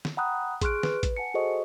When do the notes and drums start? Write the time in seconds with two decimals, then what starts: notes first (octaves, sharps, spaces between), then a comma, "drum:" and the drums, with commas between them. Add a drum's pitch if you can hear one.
0.05 drum: snare
0.17 F#5 G5 A#5 B5 D#6 F#6
0.61 G#4 C6 C#6 F6 F#6 D7, drum: kick, hi-hat
0.83 B4, drum: snare
1.03 drum: kick, hi-hat
1.17 F#5 G#5 A5 C#7
1.34 F#4 G#4 A4 C5 D#5 C#6